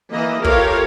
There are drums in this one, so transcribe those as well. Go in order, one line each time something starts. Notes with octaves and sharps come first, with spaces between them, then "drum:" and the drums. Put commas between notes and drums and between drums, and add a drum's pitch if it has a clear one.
E3 A#3 D#5
F4 G4 A4 A#4 C#5 F5, drum: kick